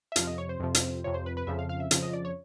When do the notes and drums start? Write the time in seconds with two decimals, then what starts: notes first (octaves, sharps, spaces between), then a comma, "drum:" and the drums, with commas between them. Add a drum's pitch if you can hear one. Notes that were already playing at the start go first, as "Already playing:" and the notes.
0.12 E5
0.16 F2 C3 F3 F5, drum: hi-hat
0.27 D#5
0.38 C#5
0.49 C5
0.60 F2 C3 F3
0.75 drum: hi-hat
1.04 F2 C3 F3 C#5
1.14 C5
1.26 B4
1.37 B4
1.47 F2 C#3 F3 E5
1.59 F5
1.69 F5
1.80 E5
1.91 F2 C#3 F3, drum: hi-hat
2.03 D#5
2.13 D5
2.25 C#5